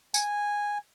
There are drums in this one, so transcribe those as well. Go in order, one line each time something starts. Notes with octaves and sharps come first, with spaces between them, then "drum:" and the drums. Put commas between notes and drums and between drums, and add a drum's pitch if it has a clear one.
G#5, drum: tambourine